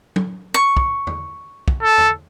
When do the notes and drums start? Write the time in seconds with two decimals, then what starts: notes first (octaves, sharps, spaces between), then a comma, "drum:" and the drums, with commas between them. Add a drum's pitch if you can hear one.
0.16 drum: tom
0.54 C#6
0.77 drum: kick
1.07 drum: tom E2
1.68 drum: kick
1.83 A4
1.98 drum: tom E2